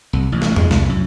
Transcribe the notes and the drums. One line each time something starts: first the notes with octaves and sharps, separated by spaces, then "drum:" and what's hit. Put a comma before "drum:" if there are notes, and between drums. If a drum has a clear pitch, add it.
C2
A1
drum: snare
G#3, drum: tom E2
C2, drum: snare
F#2